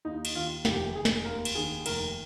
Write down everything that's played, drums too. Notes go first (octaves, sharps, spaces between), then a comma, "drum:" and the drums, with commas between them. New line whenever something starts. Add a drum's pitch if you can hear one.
D#2 D#4
drum: cymbal
D#3 F4
F1 G4, drum: snare
F1 G#4
drum: snare
D#2 A#4
drum: cymbal
D#3 G#4
F1 A#4, drum: cymbal